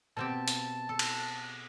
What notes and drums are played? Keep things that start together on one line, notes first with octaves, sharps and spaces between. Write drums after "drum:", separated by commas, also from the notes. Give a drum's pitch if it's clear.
B2 C4 G4 A5
drum: hi-hat
A4
drum: cymbal